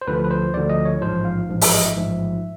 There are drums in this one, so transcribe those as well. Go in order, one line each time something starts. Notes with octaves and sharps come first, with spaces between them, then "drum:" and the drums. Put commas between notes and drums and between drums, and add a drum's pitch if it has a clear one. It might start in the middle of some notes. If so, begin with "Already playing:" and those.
C5
D2 D3 F3 B4
B4
C5
D2 D3 F3 D5
D#5
C#5
A1 G#2 F3 C5
F5
A1 G#2 F3
E5, drum: open hi-hat
D#5
E5
A1 G#2 F3